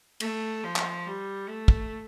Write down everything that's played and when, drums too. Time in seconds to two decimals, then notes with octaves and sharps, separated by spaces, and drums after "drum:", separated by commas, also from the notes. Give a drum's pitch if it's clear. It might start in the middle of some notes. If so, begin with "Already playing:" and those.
0.20 A3, drum: cymbal
0.64 F3
0.76 drum: clap
1.06 G3
1.49 A3
1.68 drum: kick